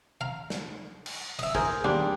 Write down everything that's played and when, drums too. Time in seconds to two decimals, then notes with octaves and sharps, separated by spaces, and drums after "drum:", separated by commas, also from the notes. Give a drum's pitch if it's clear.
0.21 F5 A#5
0.50 drum: snare
1.06 drum: cymbal
1.39 D#5 E5, drum: cymbal
1.55 G#4 A#4 C5, drum: kick
1.85 D#2 G3 C4 D4